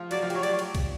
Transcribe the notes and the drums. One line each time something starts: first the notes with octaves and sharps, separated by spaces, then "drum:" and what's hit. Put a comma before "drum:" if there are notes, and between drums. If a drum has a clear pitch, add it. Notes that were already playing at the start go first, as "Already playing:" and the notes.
Already playing: F3 F4
F#3 F#4 D5, drum: cymbal
F3 F4
G4, drum: cymbal
F#3 F#4 C#5
G4 D5, drum: cymbal
drum: cymbal
drum: kick, cymbal